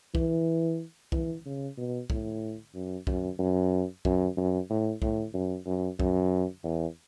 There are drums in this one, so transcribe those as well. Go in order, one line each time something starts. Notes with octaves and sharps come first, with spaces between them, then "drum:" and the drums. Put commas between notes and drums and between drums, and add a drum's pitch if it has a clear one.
E3, drum: kick B1
E3, drum: kick B1
C#3
B2
A2, drum: kick B1
F#2
F#2, drum: kick B1
F#2
F#2, drum: kick B1
F#2
A2
A2, drum: kick B1
F#2
F#2
F#2, drum: kick B1
E2